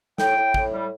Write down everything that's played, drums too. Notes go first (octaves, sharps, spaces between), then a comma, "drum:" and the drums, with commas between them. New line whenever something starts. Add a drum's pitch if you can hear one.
A2 G5, drum: snare
A2
A2, drum: kick
G3